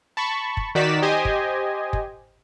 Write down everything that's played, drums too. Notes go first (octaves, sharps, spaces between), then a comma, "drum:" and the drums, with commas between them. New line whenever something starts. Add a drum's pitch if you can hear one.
A5 B5 C#6
drum: kick
D#3 D#4 F#4 D5 B6 E7
G4 C5 D#5 G#5
drum: kick
drum: kick